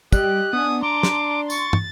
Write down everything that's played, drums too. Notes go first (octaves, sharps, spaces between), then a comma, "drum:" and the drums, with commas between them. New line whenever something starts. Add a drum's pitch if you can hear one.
G3 G4 D#5 F#6, drum: kick, tambourine
B3 D4 G#5 D#6
A5 A#5 C6 D6
drum: snare
C#6 A6, drum: tambourine
drum: tom